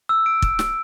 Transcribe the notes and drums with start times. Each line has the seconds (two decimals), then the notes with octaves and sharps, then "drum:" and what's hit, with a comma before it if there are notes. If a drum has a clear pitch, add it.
0.09 E6
0.26 D7
0.42 drum: kick
0.59 drum: snare